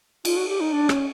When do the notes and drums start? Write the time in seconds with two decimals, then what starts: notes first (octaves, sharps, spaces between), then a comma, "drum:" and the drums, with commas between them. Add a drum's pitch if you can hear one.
0.25 F4, drum: cymbal
0.37 F#4
0.49 G4
0.60 D#4
0.73 D4
0.89 C#4, drum: rim click